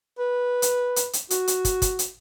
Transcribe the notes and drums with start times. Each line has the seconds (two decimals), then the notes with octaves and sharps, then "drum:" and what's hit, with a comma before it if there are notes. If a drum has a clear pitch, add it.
0.19 B4
0.62 drum: hi-hat
0.96 drum: hi-hat
1.13 drum: hi-hat
1.30 F#4, drum: hi-hat
1.48 drum: hi-hat
1.65 drum: kick, hi-hat
1.82 drum: kick, hi-hat
1.99 drum: hi-hat